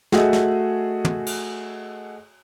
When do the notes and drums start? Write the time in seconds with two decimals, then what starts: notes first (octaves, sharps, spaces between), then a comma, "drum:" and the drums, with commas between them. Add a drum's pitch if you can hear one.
0.12 A3 F#4 G#4 D#5 E5, drum: snare
0.33 drum: snare
1.05 drum: tom
1.26 drum: cymbal